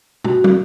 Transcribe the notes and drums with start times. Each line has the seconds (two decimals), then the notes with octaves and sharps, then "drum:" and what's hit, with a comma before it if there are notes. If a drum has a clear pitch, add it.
0.24 F#4, drum: tom
0.44 drum: tom